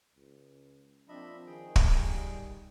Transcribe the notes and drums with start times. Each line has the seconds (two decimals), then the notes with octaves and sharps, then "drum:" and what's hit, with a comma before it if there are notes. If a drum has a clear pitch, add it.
0.16 C#2
1.09 A#2 F3 C4 D4 D#5 E5 B5
1.47 D#3 G#4 G5
1.76 drum: kick
1.95 G3